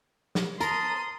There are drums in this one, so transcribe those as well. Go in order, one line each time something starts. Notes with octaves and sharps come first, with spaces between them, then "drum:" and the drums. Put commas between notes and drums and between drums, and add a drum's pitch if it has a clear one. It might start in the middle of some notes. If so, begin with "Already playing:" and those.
drum: snare
A#4 A5 A#5 C6 D#6, drum: hi-hat